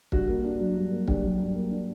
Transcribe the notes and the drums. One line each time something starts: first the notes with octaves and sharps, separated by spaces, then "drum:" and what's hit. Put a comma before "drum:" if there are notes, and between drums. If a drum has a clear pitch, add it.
G2 F#4, drum: kick
A#3
D4
F#3
G2
A#3
D4 G4, drum: kick
F#3
G2
A#3
D4